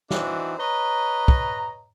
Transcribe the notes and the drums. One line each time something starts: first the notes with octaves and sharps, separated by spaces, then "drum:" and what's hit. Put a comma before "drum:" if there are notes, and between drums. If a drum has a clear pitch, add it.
E3 C4 D4 D#4 F#4, drum: snare
B4 C#5 D#5 A#5
drum: kick